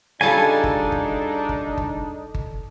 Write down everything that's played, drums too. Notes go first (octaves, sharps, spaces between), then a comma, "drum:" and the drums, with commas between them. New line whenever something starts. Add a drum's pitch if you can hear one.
C#3 G3 D4 D#4 F4 A4 G#5
drum: kick G1
drum: kick G1
drum: kick G1
drum: kick G1
drum: kick G1